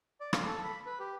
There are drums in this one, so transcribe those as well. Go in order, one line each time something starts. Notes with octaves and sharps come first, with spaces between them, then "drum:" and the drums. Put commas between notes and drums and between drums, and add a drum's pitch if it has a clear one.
D5
F5, drum: rim click
A4
B5
B4
G4